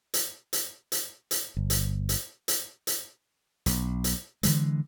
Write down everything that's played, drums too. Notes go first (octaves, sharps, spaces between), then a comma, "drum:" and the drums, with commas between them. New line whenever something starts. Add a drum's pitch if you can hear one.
drum: hi-hat
drum: hi-hat
drum: hi-hat
drum: hi-hat
G1
drum: hi-hat
drum: hi-hat
drum: hi-hat
drum: hi-hat
B1, drum: hi-hat
drum: hi-hat
D3 E3 G#3, drum: hi-hat